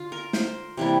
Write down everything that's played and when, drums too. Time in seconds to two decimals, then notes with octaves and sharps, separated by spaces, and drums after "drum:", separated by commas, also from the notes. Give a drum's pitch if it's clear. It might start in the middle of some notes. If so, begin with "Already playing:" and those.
Already playing: D3 F4
0.12 A#4
0.33 C5, drum: snare
0.77 C3 E3 G3 A#3